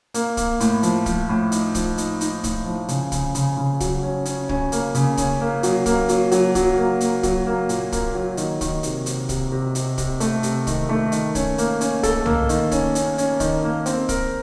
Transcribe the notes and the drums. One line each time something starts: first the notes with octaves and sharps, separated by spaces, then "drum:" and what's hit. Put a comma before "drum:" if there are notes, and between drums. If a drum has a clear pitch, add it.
A#3, drum: hi-hat
A#3, drum: kick, hi-hat
A2, drum: hi-hat
F3, drum: hi-hat
F3, drum: kick, hi-hat
A2
D#4, drum: hi-hat
F3, drum: kick, hi-hat
D#4, drum: hi-hat
D#4, drum: hi-hat
A2, drum: kick, hi-hat
F3
C#3, drum: hi-hat
C#3, drum: kick, hi-hat
C#3, drum: hi-hat
C#3
F#3, drum: kick, hi-hat
C#4
C#4, drum: hi-hat
C#4, drum: kick
A#3, drum: hi-hat
C#3, drum: hi-hat
C#4, drum: kick, hi-hat
A#3
F#3, drum: hi-hat
A#3, drum: kick, hi-hat
F#3, drum: hi-hat
F#3, drum: hi-hat
F#3, drum: kick, hi-hat
A#3
A#3, drum: hi-hat
F#3, drum: kick, hi-hat
A#3
A#2, drum: hi-hat
A#3, drum: kick, hi-hat
F#3
D#3, drum: hi-hat
D#3, drum: kick, hi-hat
C3, drum: hi-hat
C3, drum: hi-hat
C3, drum: kick, hi-hat
C3
C3, drum: hi-hat
C3, drum: kick, hi-hat
A3, drum: hi-hat
C3, drum: hi-hat
D#3, drum: kick, hi-hat
A3
D#3, drum: hi-hat
C#4, drum: kick, hi-hat
A#3, drum: hi-hat
C#4, drum: hi-hat
A4, drum: kick, hi-hat
A#3, drum: tom
D#3, drum: hi-hat
C#4, drum: kick, hi-hat
C#4, drum: hi-hat
C#4, drum: hi-hat
D#3, drum: kick, hi-hat
A#3
C4, drum: hi-hat
A#4, drum: kick, hi-hat